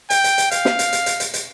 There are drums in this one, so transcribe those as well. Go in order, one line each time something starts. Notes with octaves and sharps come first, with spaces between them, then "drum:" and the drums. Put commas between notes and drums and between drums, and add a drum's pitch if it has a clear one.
G5, drum: hi-hat
drum: hi-hat
drum: hi-hat
F5, drum: hi-hat
drum: snare
drum: hi-hat
drum: hi-hat
drum: hi-hat
drum: hi-hat
drum: hi-hat